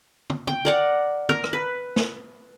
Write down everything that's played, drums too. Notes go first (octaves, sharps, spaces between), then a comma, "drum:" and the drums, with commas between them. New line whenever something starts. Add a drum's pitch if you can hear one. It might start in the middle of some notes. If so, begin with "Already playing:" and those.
drum: tom
G5, drum: tom
A#4 D5 F#5
A#4, drum: tom
drum: rim click
B4
drum: snare